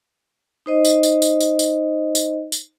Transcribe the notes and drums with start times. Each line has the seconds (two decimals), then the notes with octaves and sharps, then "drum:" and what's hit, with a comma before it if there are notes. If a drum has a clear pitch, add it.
0.66 D#4 C5 D#5
0.85 drum: tambourine
1.03 drum: tambourine
1.22 drum: tambourine
1.40 drum: tambourine
1.59 drum: tambourine
2.15 drum: tambourine
2.52 drum: tambourine